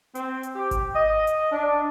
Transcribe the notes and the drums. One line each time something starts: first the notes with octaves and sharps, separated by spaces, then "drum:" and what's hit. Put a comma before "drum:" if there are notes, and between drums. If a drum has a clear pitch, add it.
C4, drum: hi-hat
drum: hi-hat
G4
drum: kick G#1, hi-hat
D#5
drum: hi-hat
D4